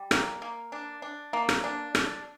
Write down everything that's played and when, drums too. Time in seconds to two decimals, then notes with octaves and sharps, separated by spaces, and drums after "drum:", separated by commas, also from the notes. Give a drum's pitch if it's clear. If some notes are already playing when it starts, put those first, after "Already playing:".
Already playing: G3
0.11 A#3, drum: rim click
0.42 A#3
0.72 D4
1.02 D4
1.33 A#3
1.49 drum: rim click
1.64 D4
1.95 D4, drum: rim click